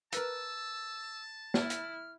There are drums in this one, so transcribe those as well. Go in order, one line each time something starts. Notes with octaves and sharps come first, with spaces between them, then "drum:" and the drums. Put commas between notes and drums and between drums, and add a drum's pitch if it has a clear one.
A#4 B4 A5 E6, drum: hi-hat
E4 F6, drum: snare
drum: hi-hat